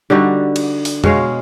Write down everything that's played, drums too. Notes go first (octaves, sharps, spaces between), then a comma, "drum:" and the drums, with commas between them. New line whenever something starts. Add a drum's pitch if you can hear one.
D3 G3 D#4 F#4
drum: cymbal
drum: open hi-hat
B2 G#3 C#5 F5, drum: tom F2